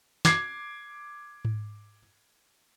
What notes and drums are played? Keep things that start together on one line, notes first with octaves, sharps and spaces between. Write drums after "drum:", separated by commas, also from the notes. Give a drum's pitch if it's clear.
D6 G#6 C7, drum: snare
drum: tom G#2